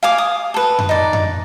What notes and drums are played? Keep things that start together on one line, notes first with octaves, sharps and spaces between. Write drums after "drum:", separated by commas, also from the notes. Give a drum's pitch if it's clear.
F5 G#5 D6
D#6
A4 B4
drum: tom F#2
D#4 D5
drum: tom F#2